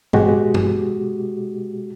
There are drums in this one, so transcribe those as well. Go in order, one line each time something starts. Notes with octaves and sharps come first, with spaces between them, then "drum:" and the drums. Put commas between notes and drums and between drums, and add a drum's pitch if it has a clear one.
B2 G#3 F#4 G4, drum: tom
drum: tom